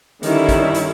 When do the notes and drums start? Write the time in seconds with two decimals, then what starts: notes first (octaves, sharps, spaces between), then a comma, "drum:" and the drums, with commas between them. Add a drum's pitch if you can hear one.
0.23 D3 D#3 G3 C#4 E4, drum: hi-hat
0.49 drum: kick, hi-hat
0.75 drum: hi-hat